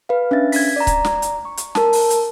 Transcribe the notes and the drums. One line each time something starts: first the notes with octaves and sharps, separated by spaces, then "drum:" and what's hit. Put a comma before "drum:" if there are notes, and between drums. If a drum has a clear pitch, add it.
B4 F5
C#4 D4 E5 A6
G#6 B6, drum: open hi-hat
D5 A#5
drum: kick C#1, hi-hat
drum: snare
drum: hi-hat
C#6
drum: hi-hat
A#4 A5, drum: snare
drum: open hi-hat
drum: hi-hat